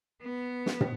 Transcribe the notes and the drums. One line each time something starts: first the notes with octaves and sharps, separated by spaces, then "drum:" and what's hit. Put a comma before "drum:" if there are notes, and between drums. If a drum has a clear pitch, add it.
B3
drum: snare
drum: tom